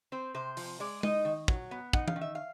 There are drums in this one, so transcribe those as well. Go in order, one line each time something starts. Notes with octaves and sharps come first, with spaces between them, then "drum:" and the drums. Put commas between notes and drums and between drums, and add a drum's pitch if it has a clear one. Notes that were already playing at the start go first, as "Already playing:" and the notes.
C4 C5
C3 C5
F3, drum: open hi-hat
G#3 D5
D#4 D#5, drum: tom
D#3
F#3, drum: kick
B3
D#4 F#5, drum: kick
F5, drum: tom E3
D#3
E5
F5